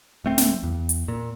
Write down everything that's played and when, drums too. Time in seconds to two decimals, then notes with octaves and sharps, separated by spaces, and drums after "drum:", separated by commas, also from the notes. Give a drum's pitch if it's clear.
0.24 D1 A3 C4
0.38 drum: snare
0.63 E2
0.89 drum: hi-hat
1.08 A#2